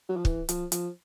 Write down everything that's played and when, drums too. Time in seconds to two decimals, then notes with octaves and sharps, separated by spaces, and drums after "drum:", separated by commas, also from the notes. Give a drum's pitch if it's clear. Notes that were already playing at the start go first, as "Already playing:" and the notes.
0.09 F#3
0.16 F3
0.25 E3, drum: kick
0.49 F3, drum: hi-hat
0.72 F3, drum: hi-hat